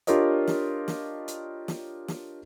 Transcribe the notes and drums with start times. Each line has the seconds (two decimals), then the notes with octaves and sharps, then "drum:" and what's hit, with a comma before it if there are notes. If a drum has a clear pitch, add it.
0.07 D4 F4 G4 A#4 C#5 D#5, drum: hi-hat
0.47 drum: snare
0.88 drum: snare
1.28 drum: hi-hat
1.68 drum: snare
2.08 drum: snare